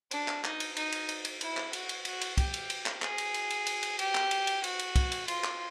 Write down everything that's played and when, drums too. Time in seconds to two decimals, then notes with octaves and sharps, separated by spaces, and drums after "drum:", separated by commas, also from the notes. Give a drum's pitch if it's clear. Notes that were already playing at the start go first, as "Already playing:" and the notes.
0.11 D4, drum: cymbal
0.28 drum: clap
0.44 D#4, drum: clap
0.60 drum: cymbal
0.77 D#4, drum: cymbal
0.92 drum: cymbal
1.09 drum: cymbal
1.25 drum: cymbal
1.41 E4, drum: cymbal
1.57 drum: clap
1.73 F#4, drum: cymbal
1.89 drum: cymbal
2.05 F#4, drum: cymbal
2.21 drum: cymbal
2.37 G4, drum: kick, cymbal
2.54 drum: cymbal
2.70 drum: cymbal
2.86 drum: clap
3.02 G#4, drum: clap
3.18 drum: cymbal
3.34 drum: cymbal
3.50 drum: cymbal
3.67 drum: cymbal
3.83 drum: cymbal
3.99 G4, drum: cymbal
4.15 drum: clap
4.31 drum: cymbal
4.47 drum: cymbal
4.64 F#4, drum: cymbal
4.79 drum: cymbal
4.96 drum: kick, cymbal
5.12 drum: cymbal
5.28 F4, drum: cymbal
5.44 drum: clap